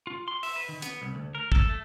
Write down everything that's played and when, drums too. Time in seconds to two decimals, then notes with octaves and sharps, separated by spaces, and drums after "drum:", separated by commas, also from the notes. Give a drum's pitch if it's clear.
0.07 F4
0.28 C6
0.43 E5, drum: open hi-hat
0.56 B4
0.69 D#3
0.82 B3, drum: hi-hat
1.02 C2
1.15 D2
1.35 A#4
1.52 A4, drum: kick
1.69 A3